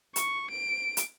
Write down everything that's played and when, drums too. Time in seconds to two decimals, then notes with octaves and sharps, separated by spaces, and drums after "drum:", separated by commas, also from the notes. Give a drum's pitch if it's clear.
0.16 C#6, drum: hi-hat
0.50 D7
0.97 drum: hi-hat